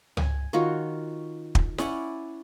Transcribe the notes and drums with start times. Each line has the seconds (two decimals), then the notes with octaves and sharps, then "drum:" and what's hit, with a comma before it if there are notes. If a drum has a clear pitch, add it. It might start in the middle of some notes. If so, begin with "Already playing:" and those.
0.17 G#5, drum: tom C#2
0.53 D#3 F4 F#4 C#5
1.55 drum: kick
1.78 C#4 E4 D5 F#5, drum: snare